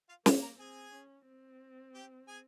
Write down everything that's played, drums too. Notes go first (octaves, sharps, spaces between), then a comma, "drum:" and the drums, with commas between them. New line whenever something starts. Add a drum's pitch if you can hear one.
F4 F5
A#3 D#4 D#5, drum: snare
A#4 A#5
C4 G#4 G#5
C#4
C4
G4 G5
G#4 G#5